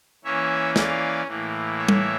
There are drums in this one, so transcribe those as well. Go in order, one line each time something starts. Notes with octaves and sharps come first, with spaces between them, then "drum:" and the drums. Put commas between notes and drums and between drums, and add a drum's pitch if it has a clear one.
E3 A#3 C#4 C#5 E5
D5 F5, drum: snare
A2 E3 A#3
C#5 E5
drum: tom G3